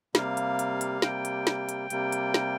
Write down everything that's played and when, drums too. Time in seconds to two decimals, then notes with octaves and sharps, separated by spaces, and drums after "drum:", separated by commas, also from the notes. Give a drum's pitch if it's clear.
0.15 C3 G3 A#3 F5, drum: snare
0.37 drum: hi-hat
0.59 drum: hi-hat
0.81 drum: hi-hat
1.02 C3 G3 A#3 G5, drum: snare
1.25 drum: hi-hat
1.47 drum: snare
1.69 drum: hi-hat
1.90 C3 G3 A#3, drum: hi-hat
2.12 drum: hi-hat
2.34 drum: snare